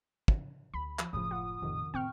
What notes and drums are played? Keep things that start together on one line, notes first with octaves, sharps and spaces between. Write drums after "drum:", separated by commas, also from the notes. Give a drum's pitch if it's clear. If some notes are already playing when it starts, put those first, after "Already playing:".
drum: kick
D2 B5
F3, drum: clap
F#1 A2 C#3 F3 D#6
F4 F#5
A#1 F2 A2 C3 D#3
A2 D3 C4 G5 C#6 F6